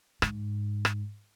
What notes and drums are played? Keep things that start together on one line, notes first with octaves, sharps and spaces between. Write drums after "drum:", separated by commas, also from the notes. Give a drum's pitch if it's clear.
G#2, drum: rim click
drum: rim click